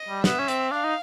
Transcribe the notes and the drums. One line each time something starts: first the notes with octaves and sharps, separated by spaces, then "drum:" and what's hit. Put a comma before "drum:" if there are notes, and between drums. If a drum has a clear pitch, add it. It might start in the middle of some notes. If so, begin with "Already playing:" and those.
Already playing: D#5
G3
B3 E5, drum: snare
C#4
C4, drum: hi-hat
D4 F5
D#4